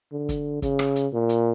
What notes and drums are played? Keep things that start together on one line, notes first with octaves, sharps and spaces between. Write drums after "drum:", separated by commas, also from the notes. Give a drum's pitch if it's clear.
D3
drum: kick, hi-hat
C#3, drum: kick, hi-hat
drum: rim click
drum: hi-hat
A#2
drum: hi-hat